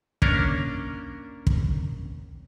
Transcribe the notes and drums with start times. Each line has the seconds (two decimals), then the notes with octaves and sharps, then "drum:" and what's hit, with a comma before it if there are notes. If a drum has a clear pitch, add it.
0.22 A#3 C#4 D4 A#4, drum: kick
1.47 drum: kick